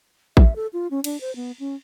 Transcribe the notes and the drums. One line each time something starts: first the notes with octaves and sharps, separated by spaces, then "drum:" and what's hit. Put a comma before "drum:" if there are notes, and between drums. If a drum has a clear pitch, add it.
E5, drum: kick A1
A4
F4
C#4
D4, drum: cymbal
C5
B3
C#4